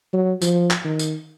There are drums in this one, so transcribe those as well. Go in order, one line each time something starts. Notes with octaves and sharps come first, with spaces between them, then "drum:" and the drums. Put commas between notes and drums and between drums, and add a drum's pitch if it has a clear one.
F#3
F3, drum: tambourine
drum: clap
D#3
drum: tambourine